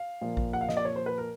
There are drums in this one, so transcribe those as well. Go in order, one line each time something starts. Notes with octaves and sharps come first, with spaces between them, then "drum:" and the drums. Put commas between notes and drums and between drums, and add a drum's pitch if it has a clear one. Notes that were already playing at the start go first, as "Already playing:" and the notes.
Already playing: F5
A#2 F3 A#3
drum: kick A1
F#5
F5
D#5, drum: snare
D5
C#5
C5
B4
A#4